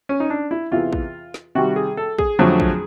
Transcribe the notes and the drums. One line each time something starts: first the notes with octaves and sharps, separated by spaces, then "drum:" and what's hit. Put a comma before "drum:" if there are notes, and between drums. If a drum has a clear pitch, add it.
C#4
D#4
D4
E4
E2 C3 E3 F4
drum: kick
drum: snare
C3 D#3 G3 F#4
G#4
A4
G#4, drum: kick
F2 D3 F#3 A3 C4
drum: kick